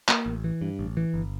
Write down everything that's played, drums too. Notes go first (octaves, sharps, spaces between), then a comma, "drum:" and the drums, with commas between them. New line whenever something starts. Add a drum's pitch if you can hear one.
A#3, drum: clap
A1
E3
G2
A1
E3
G1